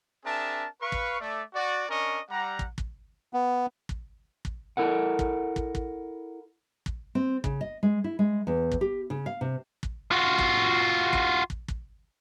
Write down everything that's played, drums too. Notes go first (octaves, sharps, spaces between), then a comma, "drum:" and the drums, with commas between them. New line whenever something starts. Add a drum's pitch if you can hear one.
C4 D4 G#4 A#4 E5 A5
B4 F5 C#6
drum: kick
A3 D5
F#4 D5
C#4 D4 A#4 D#5 C#6
G3 F#5 A#5
drum: kick
drum: kick
B3
drum: kick
drum: kick
E4 A4 A#4 F#5
drum: kick
drum: kick
drum: kick
drum: kick
C4
C#3, drum: kick
D#5
G#3
E4
G#3
E2
drum: kick
G4
C#3
F5
C3
drum: kick
F4 F#4
drum: kick
drum: kick
drum: kick
drum: kick